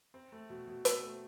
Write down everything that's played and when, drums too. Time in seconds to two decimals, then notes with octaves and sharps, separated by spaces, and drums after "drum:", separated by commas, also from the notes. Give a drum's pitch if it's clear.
0.14 C4
0.32 A3
0.50 B2
0.67 B2
0.85 C4, drum: hi-hat
1.03 A3